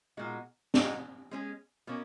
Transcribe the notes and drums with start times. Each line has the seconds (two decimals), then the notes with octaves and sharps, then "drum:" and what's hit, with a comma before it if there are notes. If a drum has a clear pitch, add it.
0.17 A#2 G#3 D#4 F#4
0.74 C#3 G#3 D#4 F#4, drum: snare C4
1.31 G#3 C#4 G#4
1.87 B2 A#3 C#4